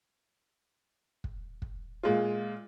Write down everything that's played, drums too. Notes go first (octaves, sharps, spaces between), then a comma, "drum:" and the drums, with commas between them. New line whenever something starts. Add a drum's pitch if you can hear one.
drum: kick
drum: kick
A#2 G#3 F4